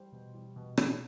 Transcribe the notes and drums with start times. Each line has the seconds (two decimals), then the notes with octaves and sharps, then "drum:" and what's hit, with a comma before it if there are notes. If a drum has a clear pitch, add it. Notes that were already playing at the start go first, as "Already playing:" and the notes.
Already playing: G3 C5
0.12 B2
0.34 G3
0.56 B2
0.78 D#3, drum: rim click